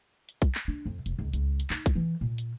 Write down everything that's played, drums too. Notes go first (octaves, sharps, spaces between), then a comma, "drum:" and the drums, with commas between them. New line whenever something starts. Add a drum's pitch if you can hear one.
drum: hi-hat
drum: kick B1
drum: clap
D4
F2
E1, drum: hi-hat
C#2
C#2, drum: hi-hat
drum: hi-hat
D#4, drum: clap
drum: kick B1, hi-hat
E3
A#2
drum: hi-hat